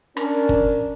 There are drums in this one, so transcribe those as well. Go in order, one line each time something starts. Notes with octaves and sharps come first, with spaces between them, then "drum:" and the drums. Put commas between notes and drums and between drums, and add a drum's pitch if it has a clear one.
C#4 D4 A#4, drum: rim click
drum: kick